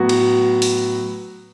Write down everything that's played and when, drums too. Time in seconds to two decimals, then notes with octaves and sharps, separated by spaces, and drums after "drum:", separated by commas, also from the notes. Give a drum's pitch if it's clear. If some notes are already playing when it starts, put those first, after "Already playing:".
Already playing: A2 F#3 B3 F#4
0.09 drum: cymbal
0.62 drum: open hi-hat